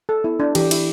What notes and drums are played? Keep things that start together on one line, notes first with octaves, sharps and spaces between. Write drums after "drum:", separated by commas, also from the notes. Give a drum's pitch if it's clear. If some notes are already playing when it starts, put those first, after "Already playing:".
A4
B3 E4
D4
E3 G4, drum: cymbal
E4, drum: cymbal